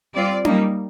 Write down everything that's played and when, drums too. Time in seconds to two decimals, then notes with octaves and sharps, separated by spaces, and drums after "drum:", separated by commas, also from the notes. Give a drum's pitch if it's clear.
0.14 G3 C4 F4 D5
0.45 G3 A#3 D#4, drum: tom C#4